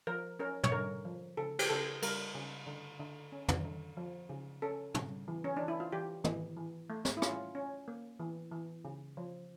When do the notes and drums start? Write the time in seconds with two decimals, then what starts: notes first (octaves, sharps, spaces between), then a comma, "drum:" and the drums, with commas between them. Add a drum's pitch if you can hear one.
0.07 F3 A#4
0.39 C#4 A#4
0.64 C#5, drum: tom
0.72 D3 A#4
1.05 F3
1.37 C#3 A4
1.59 G4, drum: cymbal
1.69 C#3 A4
2.02 G3 A#4, drum: cymbal
2.35 C#3
2.67 D3
3.00 D3
3.32 C#4
3.48 drum: tom
3.65 D3
3.97 F3
4.29 C#3
4.62 C#4 A4
4.94 C#3, drum: tom
5.28 E3
5.44 C#4
5.57 E3 D4
5.68 E4
5.80 F4
5.92 E3 G4
6.24 E3, drum: tom
6.57 E3
6.90 A3
7.05 drum: snare
7.17 E4
7.22 C#4 F4, drum: rim click
7.55 C#4
7.88 A#3
8.20 E3
8.52 E3
8.85 C#3
9.17 F3